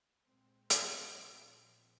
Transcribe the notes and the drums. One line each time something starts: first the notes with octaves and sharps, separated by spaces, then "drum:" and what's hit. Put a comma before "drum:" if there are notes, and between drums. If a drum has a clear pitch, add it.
A#2 G#3 C4
drum: hi-hat
A#2 F3 C4